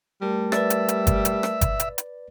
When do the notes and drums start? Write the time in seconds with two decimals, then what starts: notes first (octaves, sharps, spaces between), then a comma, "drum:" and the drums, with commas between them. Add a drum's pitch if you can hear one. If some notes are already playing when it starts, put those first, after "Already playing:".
0.22 G3 A3 A#4 A5
0.52 B4 D5 E5 A6, drum: rim click
0.70 drum: hi-hat
0.88 drum: hi-hat
1.07 drum: kick G1, hi-hat
1.25 drum: hi-hat
1.43 drum: rim click
1.61 drum: kick G1, hi-hat
1.80 drum: hi-hat
1.98 drum: hi-hat